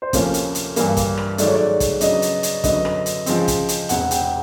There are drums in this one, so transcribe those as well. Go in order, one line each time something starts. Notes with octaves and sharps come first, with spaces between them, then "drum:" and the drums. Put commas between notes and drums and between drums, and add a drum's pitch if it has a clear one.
C5
D2 C3 F3 A#3 C#4 C#5, drum: kick, hi-hat
drum: hi-hat
drum: hi-hat
G2 E3 G3 A#3, drum: hi-hat
drum: kick, hi-hat
drum: rim click
G#2 D#3 F#3 A3 D5, drum: hi-hat
C#5
D5
drum: kick, hi-hat
C#3 F#3 B3 D4 D#5, drum: hi-hat
drum: hi-hat
drum: hi-hat
F#2 D3 F#3 B3 D#5, drum: kick, hi-hat
drum: rim click
drum: hi-hat
C#3 F3 G#3 C4, drum: hi-hat
drum: kick, hi-hat
drum: hi-hat
E1 E2 C3 F#5, drum: hi-hat
G5, drum: hi-hat